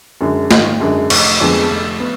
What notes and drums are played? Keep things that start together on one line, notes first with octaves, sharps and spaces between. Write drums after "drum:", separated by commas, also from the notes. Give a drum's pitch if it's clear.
F#2 D3 G#3
G#1 D#5, drum: snare
F#2 D3 G#3
F1, drum: cymbal
F2 D3 G#3 B3
F1
B3